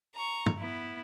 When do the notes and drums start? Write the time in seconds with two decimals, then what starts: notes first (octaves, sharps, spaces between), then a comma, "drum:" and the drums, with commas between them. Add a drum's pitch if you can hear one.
0.15 A#5 C#6
0.46 drum: tom
0.58 B3 E4